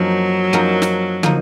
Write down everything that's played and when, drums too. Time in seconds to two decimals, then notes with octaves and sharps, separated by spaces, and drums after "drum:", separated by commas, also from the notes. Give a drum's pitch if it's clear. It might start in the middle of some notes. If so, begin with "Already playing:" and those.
Already playing: F#2 F3 F#3 A#3 D#4 A#4
0.53 F#2 F3 A#3 D#4 A#4
0.82 drum: snare
1.23 F3 A#3 D#4, drum: tom